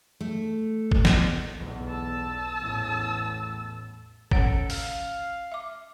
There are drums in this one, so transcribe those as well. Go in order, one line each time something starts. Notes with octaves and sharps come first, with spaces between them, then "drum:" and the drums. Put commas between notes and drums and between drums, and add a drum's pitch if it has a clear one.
A3
drum: kick
drum: snare
B1 E2
A5 E6
A1 E2 A2
C#4 A4 C#5 F#5, drum: kick
F5, drum: open hi-hat
E5 D6